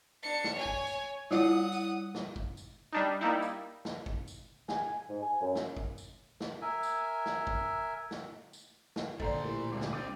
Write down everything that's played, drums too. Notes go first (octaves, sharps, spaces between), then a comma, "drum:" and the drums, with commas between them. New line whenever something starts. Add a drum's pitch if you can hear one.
D4 C#7
drum: snare
C#5 G#5
drum: kick
drum: tambourine
G3 E4 F4 F#5 D#6, drum: snare
drum: tambourine
drum: snare
drum: kick
drum: tambourine
G3 D4 D#4
G3 A#3 D#4 E4
drum: tambourine
drum: snare
drum: kick
drum: tambourine
G#5, drum: snare
G#2
G#5
F#2
drum: snare
drum: kick
drum: tambourine
drum: snare
A#4 E5 G#5
drum: tambourine
drum: snare
drum: kick
drum: snare
drum: tambourine
drum: snare
A#2 D3 C5 D5 A#5 A6, drum: kick
A2 G4 A#4
G#1 D2 A#2 D6
drum: snare
C2 C4 D4 D6 A6 D#7